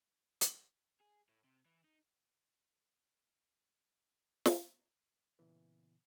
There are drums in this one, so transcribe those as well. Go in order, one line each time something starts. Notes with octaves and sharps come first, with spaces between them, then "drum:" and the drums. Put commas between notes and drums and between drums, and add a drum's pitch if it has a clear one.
drum: hi-hat
G#4
A2
C3
E3
D#4
drum: snare
A#2 C#3 E3 B3